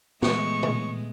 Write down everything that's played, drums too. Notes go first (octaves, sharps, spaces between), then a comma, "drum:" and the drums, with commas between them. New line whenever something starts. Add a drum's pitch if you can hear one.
A#2 E3 G#3 A3 B3 C#6, drum: snare
drum: tom